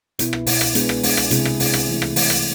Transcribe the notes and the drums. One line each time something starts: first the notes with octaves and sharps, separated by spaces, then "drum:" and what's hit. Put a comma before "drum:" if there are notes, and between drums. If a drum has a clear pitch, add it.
B2 B3 E4, drum: hi-hat
drum: rim click
B2 B3 E4, drum: open hi-hat
drum: rim click
G#3 B3 D4 G#4, drum: hi-hat
drum: rim click
G#3 B3 D4 G#4, drum: open hi-hat
drum: rim click
C3 G#3 C4 E4 G#4, drum: hi-hat
drum: rim click
C3 G#3 C4 E4 G#4, drum: open hi-hat
drum: rim click
E3 A3 E4
drum: rim click
E3 A3 E4, drum: open hi-hat
drum: rim click